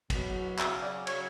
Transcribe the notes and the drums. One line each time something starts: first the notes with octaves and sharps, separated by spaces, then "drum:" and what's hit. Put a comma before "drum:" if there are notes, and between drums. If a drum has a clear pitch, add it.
B2 F#3, drum: kick, cymbal
C#3 F#3 E5, drum: clap
D5
C#3 F#3 C#5, drum: cymbal